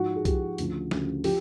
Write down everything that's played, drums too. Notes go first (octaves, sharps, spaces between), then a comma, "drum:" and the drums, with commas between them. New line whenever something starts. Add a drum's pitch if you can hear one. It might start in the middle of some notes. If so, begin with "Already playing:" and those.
Already playing: G#2 F3 F#4
G#4
G#2 F3 G4, drum: kick C2, hi-hat
D2 C#3 F3, drum: hi-hat
D2 C#3 F3, drum: snare
F3 G4, drum: open hi-hat